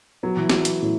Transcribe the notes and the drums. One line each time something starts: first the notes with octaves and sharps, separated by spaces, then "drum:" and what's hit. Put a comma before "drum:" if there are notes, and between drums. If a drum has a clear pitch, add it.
F#3 B3
E3
F#3 B3, drum: snare
drum: hi-hat
A2